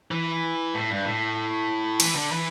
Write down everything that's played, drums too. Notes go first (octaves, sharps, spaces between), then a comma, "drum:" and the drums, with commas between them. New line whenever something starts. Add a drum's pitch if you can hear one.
E3
A2
G2
A2
E3, drum: cymbal
D3
E3